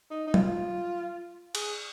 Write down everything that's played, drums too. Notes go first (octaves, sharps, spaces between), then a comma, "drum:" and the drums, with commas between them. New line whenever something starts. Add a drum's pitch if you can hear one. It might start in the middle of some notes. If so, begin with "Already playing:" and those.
D#4
D#4
F4, drum: tom
G#4, drum: cymbal